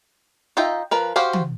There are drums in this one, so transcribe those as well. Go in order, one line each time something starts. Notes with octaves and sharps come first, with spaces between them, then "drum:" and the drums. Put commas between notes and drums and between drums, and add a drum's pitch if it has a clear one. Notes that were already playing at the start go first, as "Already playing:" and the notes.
D#4 F4 D#5 E5 G5
F3 A#4 B4
F#4 G4 C5 F5
drum: tom